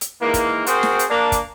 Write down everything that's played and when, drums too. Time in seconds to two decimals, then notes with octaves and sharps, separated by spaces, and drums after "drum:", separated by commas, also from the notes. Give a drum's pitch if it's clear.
0.01 drum: hi-hat
0.21 D#3 E3 G#3 A#3
0.34 drum: kick, hi-hat
0.66 C4 F#4 G#4 A#4 C5, drum: hi-hat
0.83 drum: snare
0.99 drum: hi-hat
1.10 A#3 D4
1.32 drum: kick, hi-hat